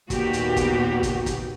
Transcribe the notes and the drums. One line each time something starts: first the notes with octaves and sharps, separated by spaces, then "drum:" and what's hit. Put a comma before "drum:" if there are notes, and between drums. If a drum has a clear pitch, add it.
D#2 A#2 B3 F#4 G4, drum: kick, hi-hat
drum: hi-hat
drum: kick, hi-hat
drum: kick, hi-hat
drum: kick, hi-hat